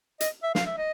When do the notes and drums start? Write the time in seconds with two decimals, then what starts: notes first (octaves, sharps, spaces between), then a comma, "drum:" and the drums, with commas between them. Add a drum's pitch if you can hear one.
0.20 D#5, drum: hi-hat
0.43 E5
0.55 F5, drum: snare
0.66 E5
0.77 D#5